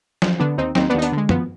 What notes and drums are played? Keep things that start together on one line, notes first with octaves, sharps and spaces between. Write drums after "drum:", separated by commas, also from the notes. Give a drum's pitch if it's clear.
F3, drum: snare
D3 B3 D4
D#2 C4 D#4
D#2 C4 D#4, drum: snare
B3 D4
D#2 D#4
B3 D4, drum: hi-hat
D3 G#3
F3 B3, drum: tom